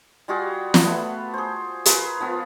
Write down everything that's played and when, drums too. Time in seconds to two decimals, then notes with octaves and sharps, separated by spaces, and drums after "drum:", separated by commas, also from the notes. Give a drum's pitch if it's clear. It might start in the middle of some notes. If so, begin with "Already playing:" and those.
0.28 G3 F4 F#4 G#4
0.74 drum: snare
0.83 A3 B3 B4
1.34 G#4 C5
1.85 F4 G#4 A#4 B4, drum: hi-hat
2.20 F3 B3 F4